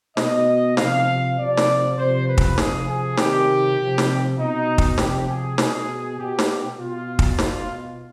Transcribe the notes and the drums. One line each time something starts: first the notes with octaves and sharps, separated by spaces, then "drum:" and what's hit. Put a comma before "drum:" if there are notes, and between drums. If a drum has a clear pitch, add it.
B2 D#5, drum: snare
C3 F3 F5, drum: snare
C3 F3 D5
drum: snare
C3 F3 C5
B4
drum: kick
C3 F3 G#4, drum: snare
G#4
C3 D#3 G4, drum: snare
C3 F3
drum: snare
B2 D#4
drum: kick
C3 F3 G4, drum: snare
G#4
B2 G#4, drum: snare
B2 G4
drum: snare
B2 F4
drum: kick
B2, drum: snare